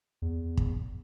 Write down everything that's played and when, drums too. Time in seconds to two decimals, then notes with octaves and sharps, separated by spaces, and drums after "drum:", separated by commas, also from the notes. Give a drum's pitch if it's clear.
0.22 E2
0.57 drum: kick